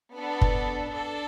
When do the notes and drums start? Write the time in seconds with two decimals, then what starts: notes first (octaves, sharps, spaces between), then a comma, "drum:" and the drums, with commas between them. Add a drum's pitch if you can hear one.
0.17 B3 D4 A4
0.41 drum: kick
0.91 D4 A4